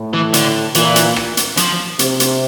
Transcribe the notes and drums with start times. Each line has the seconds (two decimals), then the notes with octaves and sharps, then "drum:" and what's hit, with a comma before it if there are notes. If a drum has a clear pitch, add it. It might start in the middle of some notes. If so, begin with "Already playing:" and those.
Already playing: A2
0.14 E3
0.34 D3, drum: hi-hat
0.75 A#2 E3, drum: hi-hat
0.96 drum: hi-hat
1.16 drum: rim click
1.37 drum: hi-hat
1.57 F3, drum: hi-hat
1.99 C3, drum: hi-hat
2.20 drum: hi-hat